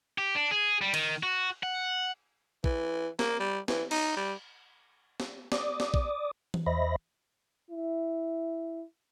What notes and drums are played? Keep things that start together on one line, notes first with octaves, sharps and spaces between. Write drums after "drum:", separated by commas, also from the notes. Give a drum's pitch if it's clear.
G4
D4
G#4
G3
D#3, drum: cymbal
F#4
F#5
E3, drum: kick
A#3, drum: snare
G3
E3, drum: snare
D#4, drum: cymbal
G3
drum: snare
D5 D6 D#6, drum: snare
drum: snare
drum: kick
drum: tom E3
E2 C5 D#5 E5 B5 A#6
E4